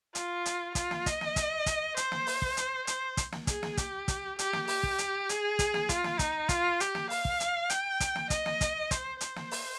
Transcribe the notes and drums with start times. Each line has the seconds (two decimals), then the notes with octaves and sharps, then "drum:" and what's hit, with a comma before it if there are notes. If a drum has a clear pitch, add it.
0.15 F4, drum: hi-hat
0.46 drum: hi-hat
0.75 F4, drum: kick, hi-hat
0.91 drum: snare
1.06 D#5, drum: kick, hi-hat
1.21 drum: snare
1.36 drum: kick, hi-hat
1.66 drum: kick, hi-hat
1.97 C5, drum: hi-hat
2.12 drum: snare
2.27 drum: open hi-hat
2.42 drum: kick
2.57 drum: hi-hat
2.87 C5, drum: hi-hat
3.17 drum: kick, hi-hat
3.32 drum: snare
3.47 G#4, drum: kick, hi-hat
3.63 drum: snare
3.77 G4, drum: kick, hi-hat
4.08 drum: kick, hi-hat
4.39 G4, drum: hi-hat
4.53 drum: snare
4.68 G4, drum: open hi-hat
4.83 drum: kick
4.98 drum: hi-hat
5.29 G#4, drum: hi-hat
5.59 drum: kick, hi-hat
5.74 drum: snare
5.89 F4, drum: kick, hi-hat
6.04 drum: snare
6.19 D#4, drum: kick, hi-hat
6.49 F4, drum: kick, hi-hat
6.80 G4, drum: hi-hat
6.95 drum: snare
7.10 F5, drum: open hi-hat
7.25 drum: kick
7.40 drum: hi-hat
7.70 G5, drum: hi-hat
8.00 drum: kick, hi-hat
8.15 drum: snare
8.30 D#5, drum: kick, hi-hat
8.46 drum: snare
8.61 drum: kick, hi-hat
8.91 C5, drum: kick, hi-hat
9.21 C5, drum: hi-hat
9.36 drum: snare
9.51 drum: open hi-hat